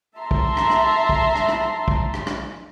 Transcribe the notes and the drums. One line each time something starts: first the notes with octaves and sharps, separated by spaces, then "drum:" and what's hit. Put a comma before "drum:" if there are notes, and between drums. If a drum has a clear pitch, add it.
E5 A5 A#5 C6
drum: kick
drum: rim click
drum: rim click
drum: kick
drum: rim click
drum: rim click
drum: kick
drum: rim click
drum: rim click